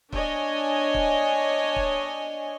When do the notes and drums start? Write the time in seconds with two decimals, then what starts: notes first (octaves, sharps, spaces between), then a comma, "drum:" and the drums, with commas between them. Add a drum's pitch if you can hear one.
0.12 D4 C#5 D#5 G#5, drum: kick
0.94 drum: kick
1.76 drum: kick